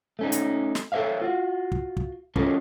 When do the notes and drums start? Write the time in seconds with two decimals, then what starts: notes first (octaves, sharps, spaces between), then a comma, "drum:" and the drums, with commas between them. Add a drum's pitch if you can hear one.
0.19 A3 C#4 D#4
0.32 drum: hi-hat
0.75 drum: snare
0.92 A4 C5 C#5 E5 F5
1.22 F4 F#4
1.72 drum: kick
1.97 drum: kick
2.36 C#4 F4 A4 A#4 C#5, drum: kick